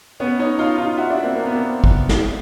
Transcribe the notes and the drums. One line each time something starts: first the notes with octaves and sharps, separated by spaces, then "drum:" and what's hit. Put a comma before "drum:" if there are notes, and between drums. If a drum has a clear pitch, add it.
B3 C#4
C#4 D#4
D#4 F4
D#4 F4
E4 F#4
D4 E4
A#3 C4
A#3
B3
A#3 C4
drum: kick
drum: snare